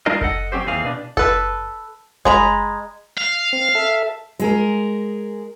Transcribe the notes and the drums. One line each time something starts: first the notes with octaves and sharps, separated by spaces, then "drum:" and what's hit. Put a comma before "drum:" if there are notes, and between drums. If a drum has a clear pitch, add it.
G3 D4 D#4 F4 A#4 D#5
A4 D#5 F#5, drum: kick F#1
F#3 C4 C#4 G4 C5
D#2 E3 C4 G#4 F5
B2 D4
A4 B4, drum: kick F#1
G#3 A#5 B5, drum: kick F#1
F5
C4
A4 E5
G#3 G#4 A#4, drum: hi-hat